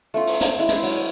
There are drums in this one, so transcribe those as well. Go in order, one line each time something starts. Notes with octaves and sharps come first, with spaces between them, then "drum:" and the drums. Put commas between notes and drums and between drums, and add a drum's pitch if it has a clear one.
A3 C#4 F4
drum: open hi-hat
drum: hi-hat
G#3 E4
drum: hi-hat
F#3, drum: open hi-hat